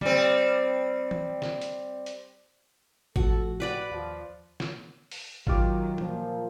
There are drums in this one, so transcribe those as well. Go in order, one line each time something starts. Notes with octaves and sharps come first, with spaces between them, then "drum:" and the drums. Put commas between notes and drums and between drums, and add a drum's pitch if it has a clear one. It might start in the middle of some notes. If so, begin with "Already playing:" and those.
G3 C4, drum: tom
drum: tom
drum: snare
drum: hi-hat
drum: hi-hat
A2 F3 F#4 A4, drum: kick G#1
G4 B4 D5 F#5 B5
D#2 F3
drum: snare
drum: open hi-hat
D#3 F#3 F4 G4 D6, drum: kick G#1
A#2 F3, drum: tom